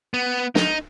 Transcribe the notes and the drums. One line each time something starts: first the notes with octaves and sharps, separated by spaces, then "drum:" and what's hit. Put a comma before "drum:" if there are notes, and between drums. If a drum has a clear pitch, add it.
B3
D#4, drum: snare